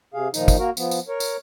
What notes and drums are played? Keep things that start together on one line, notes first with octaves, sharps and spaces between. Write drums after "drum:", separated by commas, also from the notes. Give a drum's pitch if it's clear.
C3 G#4 F5
A#2 D#3 F3 D#4, drum: tambourine
drum: kick, tambourine
A#3 F#4 A#4
F3 B3, drum: tambourine
drum: tambourine
A#4 C#5
drum: tambourine